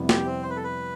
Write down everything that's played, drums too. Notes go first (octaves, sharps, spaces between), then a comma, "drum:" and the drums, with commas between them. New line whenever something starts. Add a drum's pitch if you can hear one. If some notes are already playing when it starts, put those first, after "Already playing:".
Already playing: F2 C3 G3 B3 E4
G4, drum: snare
C4
C5
B4
A4
B4